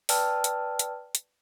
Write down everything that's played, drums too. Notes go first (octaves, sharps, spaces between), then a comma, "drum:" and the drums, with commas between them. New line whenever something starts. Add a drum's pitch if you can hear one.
B4 D5 G5 A5 E6 F6, drum: open hi-hat
drum: hi-hat
drum: hi-hat
drum: hi-hat